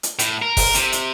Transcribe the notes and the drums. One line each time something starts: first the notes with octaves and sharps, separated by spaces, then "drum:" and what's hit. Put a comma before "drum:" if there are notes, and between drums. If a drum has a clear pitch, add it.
drum: hi-hat
A2, drum: hi-hat
A#4
drum: kick F#1, open hi-hat
C3, drum: hi-hat
drum: hi-hat